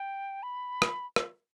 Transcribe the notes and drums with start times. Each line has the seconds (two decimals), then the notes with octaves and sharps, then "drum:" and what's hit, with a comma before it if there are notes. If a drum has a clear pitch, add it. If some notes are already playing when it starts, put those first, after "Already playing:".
Already playing: G5
0.43 B5
0.82 drum: rim click
1.16 drum: rim click